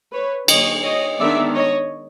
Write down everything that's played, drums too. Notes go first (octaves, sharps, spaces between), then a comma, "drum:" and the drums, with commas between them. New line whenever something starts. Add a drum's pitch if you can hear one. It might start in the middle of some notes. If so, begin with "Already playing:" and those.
B4 C#5
D3 F#3 A#3 C#5 D#5, drum: cymbal
C#5 D#5
D#3 G#3 B3 D4 D5 E5
C#5 D#5